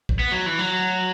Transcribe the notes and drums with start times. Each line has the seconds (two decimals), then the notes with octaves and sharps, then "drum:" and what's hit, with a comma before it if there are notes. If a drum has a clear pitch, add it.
0.09 drum: kick
0.19 B3
0.32 F#3
0.46 E3
0.59 F#3